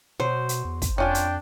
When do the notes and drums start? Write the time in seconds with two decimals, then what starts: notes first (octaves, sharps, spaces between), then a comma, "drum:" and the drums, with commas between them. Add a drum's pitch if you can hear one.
0.20 B2 F#3 C5
0.49 drum: hi-hat
0.65 E2
0.82 drum: kick, hi-hat
0.98 F2 C#4 D4 F4 G5 G#5
1.15 drum: hi-hat